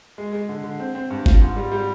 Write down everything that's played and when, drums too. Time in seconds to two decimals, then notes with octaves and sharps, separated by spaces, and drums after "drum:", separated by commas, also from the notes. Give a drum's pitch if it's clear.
0.18 G#3
0.33 G#3
0.49 D3
0.64 D3
0.80 C4
0.95 C4
1.10 G2
1.26 F4, drum: kick G1
1.41 G#2
1.57 G3
1.72 G3